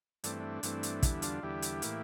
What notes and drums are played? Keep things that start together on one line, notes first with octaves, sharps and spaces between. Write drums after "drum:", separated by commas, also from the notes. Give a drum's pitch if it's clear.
G2 E3 A3 C4 D4, drum: hi-hat
D4
G2 E3 A3 C4, drum: hi-hat
drum: hi-hat
E2 D3 G3 E4, drum: kick, hi-hat
D4 F4, drum: hi-hat
E2 D3 G3 E4 G4
drum: hi-hat
A2 E3 A#3, drum: hi-hat